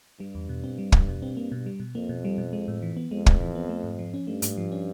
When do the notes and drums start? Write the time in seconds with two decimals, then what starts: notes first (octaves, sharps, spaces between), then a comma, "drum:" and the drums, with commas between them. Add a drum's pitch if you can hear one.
0.19 G2 G3
0.35 E2
0.49 B2
0.64 C4
0.78 G3
0.92 E2, drum: kick
1.08 B2
1.22 C4
1.37 A#3
1.52 B2
1.66 G3
1.80 B2
1.95 F2 A#3
2.09 B2
2.25 G3
2.38 B2
2.53 G#3
2.68 A2
2.82 E3
2.97 B3
3.11 F2 G#3
3.26 A2, drum: kick
3.40 E3
3.55 B3
3.69 A3
3.84 G#2
3.99 F3
4.14 C#4
4.27 G2 A3
4.42 G#2, drum: hi-hat
4.57 F3
4.72 C#4